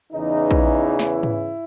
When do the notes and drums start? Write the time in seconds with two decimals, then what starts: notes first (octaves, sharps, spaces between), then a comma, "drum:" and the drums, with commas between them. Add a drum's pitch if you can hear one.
0.12 E2 C#3 E3 D#4
0.51 drum: kick A#1
0.99 E4, drum: snare
1.23 drum: tom G#2